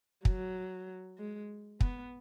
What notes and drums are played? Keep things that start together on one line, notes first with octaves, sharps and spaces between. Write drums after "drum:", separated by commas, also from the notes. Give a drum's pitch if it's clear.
F#3, drum: kick
G#3
B3, drum: kick